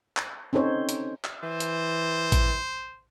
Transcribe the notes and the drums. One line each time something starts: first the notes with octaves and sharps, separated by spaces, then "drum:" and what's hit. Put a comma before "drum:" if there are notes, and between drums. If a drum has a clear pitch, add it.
drum: clap
C4 C#4 D#4 A4 C5 C#5
drum: hi-hat
drum: clap
E3 C5
drum: hi-hat
drum: kick A1, hi-hat